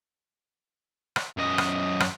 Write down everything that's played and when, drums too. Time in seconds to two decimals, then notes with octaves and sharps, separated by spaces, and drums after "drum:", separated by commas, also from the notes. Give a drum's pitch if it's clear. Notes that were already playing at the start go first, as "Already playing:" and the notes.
1.16 drum: rim click
1.37 F#2 D#5
1.58 drum: rim click
2.00 drum: rim click